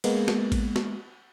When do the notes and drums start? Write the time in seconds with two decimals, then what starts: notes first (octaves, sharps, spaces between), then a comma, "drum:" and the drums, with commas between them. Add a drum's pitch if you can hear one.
0.04 G#3 A#3 B3, drum: cymbal
0.28 drum: snare
0.52 drum: kick A1, cymbal
0.76 drum: snare